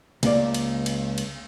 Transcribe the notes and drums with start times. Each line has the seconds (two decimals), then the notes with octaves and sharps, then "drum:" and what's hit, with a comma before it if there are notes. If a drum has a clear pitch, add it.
0.23 C#2 A#3 D5, drum: cymbal
0.54 drum: cymbal
0.86 drum: cymbal
1.18 drum: cymbal